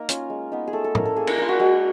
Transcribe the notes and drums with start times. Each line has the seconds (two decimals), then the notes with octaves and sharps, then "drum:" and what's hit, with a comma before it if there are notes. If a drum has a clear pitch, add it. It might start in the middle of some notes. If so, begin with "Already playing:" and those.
Already playing: A#3 D#4 A#4
0.09 C#4 F4, drum: hi-hat
0.30 G#3
0.52 B3 D#4
0.67 G#4
0.73 A3 A4
0.84 A4
0.95 C#4 E4 A#4, drum: tom
1.05 A4
1.16 A#3 G#4
1.27 A#4, drum: cymbal
1.38 D4 F4 A#4
1.49 F#4
1.60 G#3 F#4